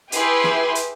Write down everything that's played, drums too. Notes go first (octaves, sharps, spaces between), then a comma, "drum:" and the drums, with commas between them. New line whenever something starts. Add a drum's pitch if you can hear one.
E4 G4 G#4 B4 C6, drum: hi-hat
drum: snare
drum: hi-hat